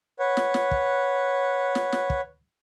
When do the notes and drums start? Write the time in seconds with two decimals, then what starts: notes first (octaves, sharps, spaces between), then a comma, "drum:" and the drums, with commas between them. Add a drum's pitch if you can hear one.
0.19 B4 C#5 F#5
0.37 drum: snare
0.54 drum: snare
0.71 drum: kick
1.75 drum: snare
1.92 drum: snare
2.10 drum: kick